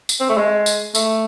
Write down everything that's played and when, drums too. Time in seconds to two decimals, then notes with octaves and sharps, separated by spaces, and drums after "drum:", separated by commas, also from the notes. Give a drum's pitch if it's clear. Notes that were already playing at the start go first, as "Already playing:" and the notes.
0.09 drum: tambourine
0.20 C4
0.29 A3
0.38 G#3
0.66 drum: tambourine
0.95 A3, drum: tambourine